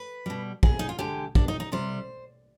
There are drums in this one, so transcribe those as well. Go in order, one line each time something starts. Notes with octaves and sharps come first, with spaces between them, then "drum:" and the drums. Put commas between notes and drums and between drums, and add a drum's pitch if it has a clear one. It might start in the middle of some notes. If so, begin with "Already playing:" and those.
Already playing: B4
B2 G3
G#4, drum: kick
D#4
F4
D3 G#3 G4
D4, drum: kick
D#4
D#4
C3 G3 C5